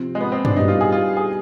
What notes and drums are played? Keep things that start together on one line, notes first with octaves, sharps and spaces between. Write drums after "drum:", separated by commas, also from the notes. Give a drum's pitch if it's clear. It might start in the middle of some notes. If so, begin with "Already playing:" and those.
Already playing: C3 F3 C4
G#3
B3
C4
D4, drum: tom G2
B2 G3 B3 D#4
F4
G#4
F4
G#4